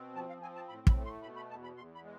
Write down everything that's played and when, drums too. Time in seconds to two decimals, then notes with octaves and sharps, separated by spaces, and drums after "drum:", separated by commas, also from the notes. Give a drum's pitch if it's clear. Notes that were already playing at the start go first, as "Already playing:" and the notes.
Already playing: B2 C4
0.15 F3 A5
0.29 F5
0.42 C4 G#5
0.55 A5
0.69 A2 B5
0.87 B5, drum: kick
0.96 A3
1.05 C6
1.23 B2 B5
1.36 B5
1.50 E2 A5
1.63 B5
1.76 E2 C6
1.95 B5
2.04 G#3